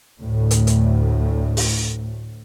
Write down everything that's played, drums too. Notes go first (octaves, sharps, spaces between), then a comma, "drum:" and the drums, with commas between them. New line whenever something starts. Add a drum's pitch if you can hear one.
D2 A2
drum: hi-hat
drum: hi-hat
drum: open hi-hat